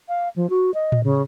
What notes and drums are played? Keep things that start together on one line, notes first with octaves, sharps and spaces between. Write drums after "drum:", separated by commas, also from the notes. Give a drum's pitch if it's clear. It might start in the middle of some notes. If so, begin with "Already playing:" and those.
F5
F3
F#4
D#5
drum: tom A2
C#3